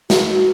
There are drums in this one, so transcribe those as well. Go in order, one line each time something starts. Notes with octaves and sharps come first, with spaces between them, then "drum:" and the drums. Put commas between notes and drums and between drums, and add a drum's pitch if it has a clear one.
F#4, drum: snare